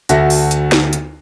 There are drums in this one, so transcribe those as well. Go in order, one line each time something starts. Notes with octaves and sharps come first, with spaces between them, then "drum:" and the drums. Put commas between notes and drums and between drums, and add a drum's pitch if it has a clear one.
D2 F#4 A4 E5 A#6, drum: hi-hat
drum: open hi-hat
drum: hi-hat
drum: snare
drum: hi-hat